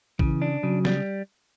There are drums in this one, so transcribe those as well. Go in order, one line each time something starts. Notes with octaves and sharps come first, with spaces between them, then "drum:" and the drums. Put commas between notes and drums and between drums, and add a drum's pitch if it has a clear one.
C#3 E3, drum: kick
D4
C#3 F#3
G3, drum: snare